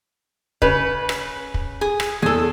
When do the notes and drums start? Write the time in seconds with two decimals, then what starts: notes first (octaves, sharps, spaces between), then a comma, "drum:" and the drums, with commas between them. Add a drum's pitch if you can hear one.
0.62 C#3 B4, drum: kick
1.09 drum: rim click
1.54 drum: kick
1.81 G#4
2.00 drum: rim click
2.22 E2 G#4 A4 E6